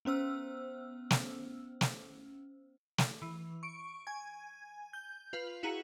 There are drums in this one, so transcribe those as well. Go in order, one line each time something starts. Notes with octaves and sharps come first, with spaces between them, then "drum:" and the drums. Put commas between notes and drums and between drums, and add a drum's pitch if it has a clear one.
B3 C#4 C5 E6 F6
drum: snare
drum: snare
drum: snare
E3
C#6 D7
G#5 G#6
G6
F4 B4 F5
E4 F#4 G#4 A#5 C#7